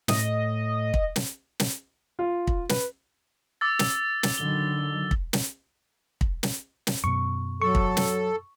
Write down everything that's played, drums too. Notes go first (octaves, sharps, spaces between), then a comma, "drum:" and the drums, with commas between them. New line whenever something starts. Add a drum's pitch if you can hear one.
A2 D#5, drum: snare
drum: kick
drum: snare
drum: snare
F4
drum: kick
B4, drum: snare
D6 E6 A6
drum: snare
drum: snare
D3 D#3 F#3 G7
drum: kick
drum: snare
drum: kick
drum: snare
drum: snare
F#2 B2 C#6
F#3 A4 C#6
drum: kick
drum: snare